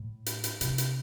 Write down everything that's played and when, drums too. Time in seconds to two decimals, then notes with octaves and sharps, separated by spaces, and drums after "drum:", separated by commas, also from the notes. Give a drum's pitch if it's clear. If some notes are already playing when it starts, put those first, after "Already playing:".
Already playing: A2
0.26 drum: hi-hat
0.44 drum: hi-hat
0.61 C3, drum: hi-hat
0.78 drum: hi-hat